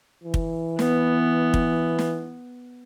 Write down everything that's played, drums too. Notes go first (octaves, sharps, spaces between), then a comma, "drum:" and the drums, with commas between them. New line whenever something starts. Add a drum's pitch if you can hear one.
E3
drum: kick
B3, drum: snare
drum: kick
drum: snare